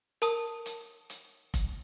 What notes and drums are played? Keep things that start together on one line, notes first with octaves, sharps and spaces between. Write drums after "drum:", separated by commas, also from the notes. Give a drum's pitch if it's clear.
A#4 A5 D#6, drum: hi-hat
drum: hi-hat
drum: hi-hat
drum: kick F1, hi-hat